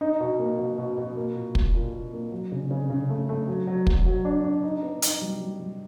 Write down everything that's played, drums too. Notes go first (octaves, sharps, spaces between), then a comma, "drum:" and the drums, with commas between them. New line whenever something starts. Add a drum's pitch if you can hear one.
D#4
B2
A#3
B2
B2
B2
A#3
A#2
A#2, drum: kick
A#2
A#2
A#3
F#3
C#3
C#3
C#3
A3
A3
F#3
F#3
F#3, drum: kick
F#3
D4
D4
D#4
B3
D#4, drum: hi-hat
G3
G3
G3